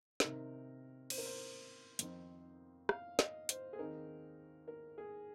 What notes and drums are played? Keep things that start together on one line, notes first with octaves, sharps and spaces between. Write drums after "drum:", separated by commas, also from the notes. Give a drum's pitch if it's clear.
C3 D#3 C4 D#4 A#4, drum: snare
C5, drum: cymbal
A#4
C5
F2 D#3 C4 D#4, drum: hi-hat
F5, drum: rim click
D#5, drum: snare
C5, drum: hi-hat
G#4
D#2 D#3 C4 D#4 A#4
A#4
G#4